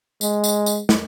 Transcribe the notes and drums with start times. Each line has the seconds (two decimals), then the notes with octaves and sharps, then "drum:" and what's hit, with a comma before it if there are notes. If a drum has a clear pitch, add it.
0.21 G#3, drum: tambourine
0.44 drum: tambourine
0.66 drum: tambourine
0.89 drum: snare